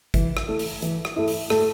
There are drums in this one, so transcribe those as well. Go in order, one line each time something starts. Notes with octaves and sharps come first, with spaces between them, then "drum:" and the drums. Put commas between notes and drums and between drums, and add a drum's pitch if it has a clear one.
E3, drum: kick G#1, hi-hat
drum: rim click
A3 E4
drum: open hi-hat
E3, drum: hi-hat
drum: rim click
A3 E4
drum: open hi-hat
A3, drum: rim click